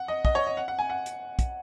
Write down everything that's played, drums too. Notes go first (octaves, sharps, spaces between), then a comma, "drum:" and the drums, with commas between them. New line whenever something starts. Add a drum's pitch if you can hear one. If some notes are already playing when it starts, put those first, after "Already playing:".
Already playing: F#5
D#5
D#5, drum: kick
C#5
D#5
F#5
F#5
G#5
F#5
drum: hi-hat
drum: kick, hi-hat